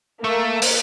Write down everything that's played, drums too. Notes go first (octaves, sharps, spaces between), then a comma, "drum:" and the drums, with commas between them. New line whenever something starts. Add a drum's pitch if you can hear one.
A3 A#3
drum: open hi-hat